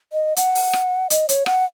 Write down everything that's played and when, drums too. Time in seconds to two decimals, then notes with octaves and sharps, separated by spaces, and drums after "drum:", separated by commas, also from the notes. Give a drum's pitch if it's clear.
0.13 D#5
0.36 F#5, drum: hi-hat
0.55 drum: open hi-hat
0.73 drum: rim click
1.10 D#5, drum: hi-hat
1.29 C#5, drum: hi-hat
1.46 F#5, drum: rim click